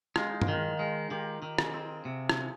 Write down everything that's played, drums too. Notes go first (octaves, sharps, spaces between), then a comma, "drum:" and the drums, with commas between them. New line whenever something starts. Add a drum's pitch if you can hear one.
G#3 F4, drum: rim click
D#4
F4, drum: tom
D#3
G#3
D#3 G4
D#3
G#4, drum: rim click
C4
C3
drum: rim click